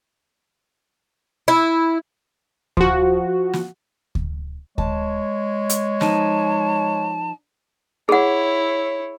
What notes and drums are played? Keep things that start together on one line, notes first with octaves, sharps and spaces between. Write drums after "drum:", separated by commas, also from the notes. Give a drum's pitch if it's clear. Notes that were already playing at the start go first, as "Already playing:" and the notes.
E4
F3 F#4, drum: kick D2
drum: snare
drum: kick D2
G#3 C#5 A5, drum: kick D2
drum: hi-hat
F3 D#4 A5, drum: snare
E4 G#4 C#5 F#5